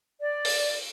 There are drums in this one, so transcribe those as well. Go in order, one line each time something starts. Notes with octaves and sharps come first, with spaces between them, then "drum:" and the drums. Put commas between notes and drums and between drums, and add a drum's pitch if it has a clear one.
D5
drum: open hi-hat